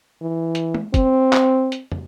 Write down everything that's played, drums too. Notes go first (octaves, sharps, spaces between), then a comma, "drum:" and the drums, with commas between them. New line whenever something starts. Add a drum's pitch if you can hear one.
E3
drum: hi-hat
drum: tom G#3
C4, drum: kick, hi-hat
drum: clap
drum: hi-hat
drum: tom